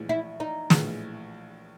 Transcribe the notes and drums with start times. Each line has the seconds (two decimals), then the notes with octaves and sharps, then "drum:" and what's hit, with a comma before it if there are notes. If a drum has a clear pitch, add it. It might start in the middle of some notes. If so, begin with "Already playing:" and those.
Already playing: A#1 A2 E3 G#3
0.09 E4
0.40 D#4
0.70 A#1 A2 E3 G#3, drum: snare